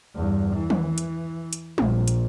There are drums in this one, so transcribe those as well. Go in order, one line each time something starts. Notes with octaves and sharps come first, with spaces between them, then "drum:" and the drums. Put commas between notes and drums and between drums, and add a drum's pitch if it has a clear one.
E2 G2
E3
drum: tom D#3
drum: hi-hat
drum: hi-hat
A#1, drum: tom G3
drum: hi-hat